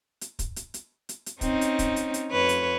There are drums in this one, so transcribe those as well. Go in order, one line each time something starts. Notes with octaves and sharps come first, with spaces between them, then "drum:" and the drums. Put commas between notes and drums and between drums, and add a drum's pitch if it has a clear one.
drum: hi-hat
drum: kick, hi-hat
drum: hi-hat
drum: hi-hat
drum: hi-hat
drum: hi-hat
C4 C#4 D#4, drum: kick, hi-hat
drum: hi-hat
drum: kick, hi-hat
drum: hi-hat
drum: hi-hat
F2 B4 C#5
drum: hi-hat